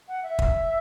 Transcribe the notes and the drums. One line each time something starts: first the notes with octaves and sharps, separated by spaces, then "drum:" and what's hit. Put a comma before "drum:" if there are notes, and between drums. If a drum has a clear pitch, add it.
F#5
E5
drum: kick